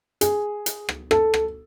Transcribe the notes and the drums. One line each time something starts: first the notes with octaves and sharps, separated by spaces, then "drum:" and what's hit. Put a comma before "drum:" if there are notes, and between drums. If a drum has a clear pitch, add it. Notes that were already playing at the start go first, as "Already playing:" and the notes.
G#4, drum: hi-hat
drum: hi-hat
drum: rim click
A4, drum: rim click
drum: rim click